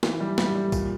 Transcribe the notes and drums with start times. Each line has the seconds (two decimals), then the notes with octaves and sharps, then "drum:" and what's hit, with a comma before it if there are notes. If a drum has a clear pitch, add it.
0.03 E3, drum: snare
0.20 G3
0.38 G3, drum: snare
0.55 G3
0.72 A#2, drum: kick, tambourine